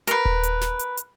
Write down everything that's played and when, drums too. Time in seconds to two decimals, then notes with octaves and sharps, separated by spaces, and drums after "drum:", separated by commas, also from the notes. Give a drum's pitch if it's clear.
0.07 A#4 B4, drum: hi-hat
0.25 drum: kick D#1
0.43 drum: hi-hat
0.61 drum: snare
0.79 drum: hi-hat
0.97 drum: hi-hat